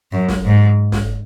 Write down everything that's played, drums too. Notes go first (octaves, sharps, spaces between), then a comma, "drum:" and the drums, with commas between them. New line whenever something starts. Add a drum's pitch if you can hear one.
F#2
drum: snare
G#2
drum: snare